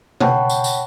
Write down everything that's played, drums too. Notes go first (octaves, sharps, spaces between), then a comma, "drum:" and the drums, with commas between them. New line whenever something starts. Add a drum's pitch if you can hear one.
C#5 F#5 G5 A5 B5 C#6, drum: tom B2
drum: tambourine
drum: tambourine